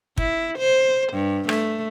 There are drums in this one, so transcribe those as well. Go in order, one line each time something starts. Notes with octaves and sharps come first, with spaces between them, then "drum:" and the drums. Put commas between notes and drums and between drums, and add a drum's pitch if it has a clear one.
E4, drum: kick
C5
G2
A3, drum: rim click